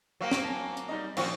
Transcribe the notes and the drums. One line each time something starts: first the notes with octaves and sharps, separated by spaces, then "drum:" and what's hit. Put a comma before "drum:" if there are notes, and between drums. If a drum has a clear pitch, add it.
F#3 A#3 C5 F5 G5
drum: snare
G#5 A5
drum: hi-hat
G3 D#4 D#5
A#2 F3 C4 C#4 F#4, drum: cymbal